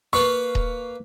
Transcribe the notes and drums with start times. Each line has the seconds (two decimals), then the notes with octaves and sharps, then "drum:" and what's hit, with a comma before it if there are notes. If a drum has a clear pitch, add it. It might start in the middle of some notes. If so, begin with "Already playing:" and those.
0.13 A#3 B4 F5 C#6
0.55 drum: kick D#1